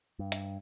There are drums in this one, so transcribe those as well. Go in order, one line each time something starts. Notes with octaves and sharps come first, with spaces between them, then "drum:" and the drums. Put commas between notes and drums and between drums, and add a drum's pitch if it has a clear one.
G2
drum: hi-hat